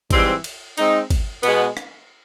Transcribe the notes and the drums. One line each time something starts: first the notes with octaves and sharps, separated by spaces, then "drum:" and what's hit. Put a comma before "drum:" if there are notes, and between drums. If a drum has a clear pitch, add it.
G#2 E3 G3 C4, drum: kick, cymbal
drum: cymbal
G#3 C4 D#4, drum: cymbal
drum: kick, cymbal
B2 G#3 B3, drum: cymbal
drum: rim click